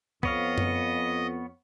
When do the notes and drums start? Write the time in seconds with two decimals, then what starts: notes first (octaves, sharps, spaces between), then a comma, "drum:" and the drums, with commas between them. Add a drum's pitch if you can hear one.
0.23 F2 B3 C#5 D#5 F5, drum: kick
0.58 drum: tom F#2